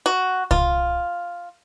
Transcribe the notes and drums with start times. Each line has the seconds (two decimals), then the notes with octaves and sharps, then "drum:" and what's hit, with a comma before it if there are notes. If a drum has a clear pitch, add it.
0.06 F#4
0.51 F4, drum: kick C2